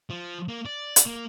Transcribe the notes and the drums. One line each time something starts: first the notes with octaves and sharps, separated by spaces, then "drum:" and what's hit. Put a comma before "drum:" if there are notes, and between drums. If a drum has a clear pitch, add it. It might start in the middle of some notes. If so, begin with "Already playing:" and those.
F3
A#3
D5
drum: hi-hat
A#3